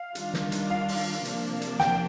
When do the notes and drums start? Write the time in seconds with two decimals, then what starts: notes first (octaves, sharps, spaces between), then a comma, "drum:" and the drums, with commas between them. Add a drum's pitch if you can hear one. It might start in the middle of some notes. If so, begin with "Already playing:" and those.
Already playing: F5
0.15 D#3 G3 D4 F4, drum: hi-hat
0.34 drum: snare
0.52 drum: hi-hat
0.70 F5
0.88 drum: open hi-hat
1.25 C3 F3 A#3 D4, drum: hi-hat
1.61 drum: hi-hat
1.80 G5, drum: snare